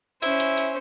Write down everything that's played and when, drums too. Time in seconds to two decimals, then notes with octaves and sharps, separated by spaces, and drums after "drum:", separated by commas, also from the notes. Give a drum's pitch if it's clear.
0.22 C#4 E4 C5, drum: hi-hat
0.40 drum: hi-hat
0.57 drum: hi-hat